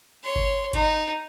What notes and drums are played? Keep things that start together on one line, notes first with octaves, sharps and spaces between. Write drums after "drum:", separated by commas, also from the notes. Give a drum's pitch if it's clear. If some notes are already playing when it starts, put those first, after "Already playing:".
C#5 C6
drum: kick G1
D#4, drum: kick G1, hi-hat